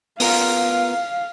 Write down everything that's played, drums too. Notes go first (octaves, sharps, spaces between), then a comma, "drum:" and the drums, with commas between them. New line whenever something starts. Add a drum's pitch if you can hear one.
B3 F4 A#4 F5, drum: open hi-hat